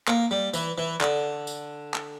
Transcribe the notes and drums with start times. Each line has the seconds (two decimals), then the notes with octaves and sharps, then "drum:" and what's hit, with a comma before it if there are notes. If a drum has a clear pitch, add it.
0.07 A#3, drum: clap
0.31 G3
0.54 E3, drum: tambourine
0.78 E3
1.01 D3, drum: clap
1.47 drum: tambourine
1.94 drum: clap